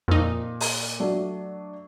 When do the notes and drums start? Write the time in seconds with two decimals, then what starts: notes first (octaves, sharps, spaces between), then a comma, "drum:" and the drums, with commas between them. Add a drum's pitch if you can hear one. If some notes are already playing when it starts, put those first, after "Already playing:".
0.08 F2 A#2 D#4
0.61 drum: open hi-hat
1.00 F#3 A3 D4